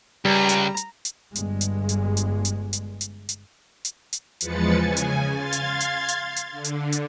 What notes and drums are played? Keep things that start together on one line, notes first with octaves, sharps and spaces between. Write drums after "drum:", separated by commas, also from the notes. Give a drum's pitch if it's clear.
C#2 G3 A#5
drum: hi-hat
drum: hi-hat
drum: hi-hat
G1 G2 G#3, drum: hi-hat
drum: hi-hat
drum: hi-hat
drum: hi-hat
drum: hi-hat
drum: hi-hat
drum: hi-hat
drum: hi-hat
drum: hi-hat
drum: hi-hat
E2 F3 G#3 B4 A6 C#7, drum: hi-hat
C#3 G#5
drum: hi-hat
F5 C6 G#6 A6
drum: hi-hat
drum: hi-hat
drum: hi-hat
drum: hi-hat
D3
drum: hi-hat
drum: hi-hat